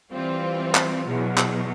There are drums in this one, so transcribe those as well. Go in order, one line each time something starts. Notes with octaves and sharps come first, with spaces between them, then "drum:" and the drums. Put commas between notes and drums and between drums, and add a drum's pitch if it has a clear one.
E3 G3 C4 F4
drum: clap
E2 B2 F#3
drum: clap